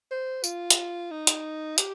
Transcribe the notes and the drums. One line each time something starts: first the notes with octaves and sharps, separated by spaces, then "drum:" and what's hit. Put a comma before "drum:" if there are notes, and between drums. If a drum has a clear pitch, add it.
C5
F4, drum: tambourine
drum: hi-hat
D#4
drum: hi-hat
G4, drum: hi-hat